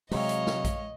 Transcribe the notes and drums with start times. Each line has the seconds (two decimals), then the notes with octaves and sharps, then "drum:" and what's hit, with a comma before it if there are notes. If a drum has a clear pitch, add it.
0.11 C3 F#3 G#3 C#5 D#5 F5, drum: open hi-hat
0.29 drum: hi-hat
0.47 drum: snare
0.65 drum: kick A#1, hi-hat